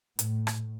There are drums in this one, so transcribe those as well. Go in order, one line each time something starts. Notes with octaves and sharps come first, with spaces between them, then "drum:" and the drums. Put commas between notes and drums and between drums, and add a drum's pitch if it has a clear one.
A2, drum: hi-hat
drum: rim click